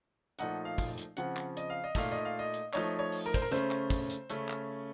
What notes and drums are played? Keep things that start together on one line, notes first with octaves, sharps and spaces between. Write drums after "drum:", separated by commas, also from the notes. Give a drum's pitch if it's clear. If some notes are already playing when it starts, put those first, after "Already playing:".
A#2 F3 A3 D#4 F#5, drum: hi-hat
F5
drum: kick, hi-hat
drum: hi-hat
C#3 F3 C4 F#5, drum: hi-hat
drum: clap
D#5, drum: hi-hat
F5
D#5
A#2 A3 D#4 F5, drum: kick, hi-hat
D#5
F5
D#5
drum: hi-hat
F3 A3 D#4 C#5, drum: clap
C#5
drum: open hi-hat
A#4
C5, drum: kick, hi-hat
A#4
C#3 A3 C#4 C5, drum: hi-hat
drum: clap
drum: kick, hi-hat
drum: hi-hat
C#3 A3 C#4, drum: hi-hat
drum: clap